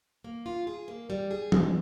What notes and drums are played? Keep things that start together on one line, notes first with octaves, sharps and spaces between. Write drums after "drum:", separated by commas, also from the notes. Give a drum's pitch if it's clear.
A#3
F4
G#4
A#3
G3
G#4
G#3, drum: tom E3